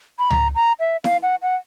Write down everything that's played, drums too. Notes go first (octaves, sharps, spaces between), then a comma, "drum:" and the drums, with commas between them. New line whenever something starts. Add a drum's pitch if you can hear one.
B5
A#5, drum: tom C#2
A#5
E5
F5, drum: snare E4
F#5
F#5